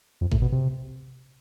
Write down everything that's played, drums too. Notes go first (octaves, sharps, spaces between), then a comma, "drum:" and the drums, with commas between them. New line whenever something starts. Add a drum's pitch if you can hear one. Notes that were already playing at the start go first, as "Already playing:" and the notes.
F2
A2, drum: kick G#1
B2
C3